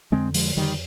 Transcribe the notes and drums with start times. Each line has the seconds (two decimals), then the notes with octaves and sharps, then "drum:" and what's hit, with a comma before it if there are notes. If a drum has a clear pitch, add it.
0.12 F2 D3 G#3 C4
0.34 F3 G#3, drum: open hi-hat
0.56 F2 D3 D#3 G3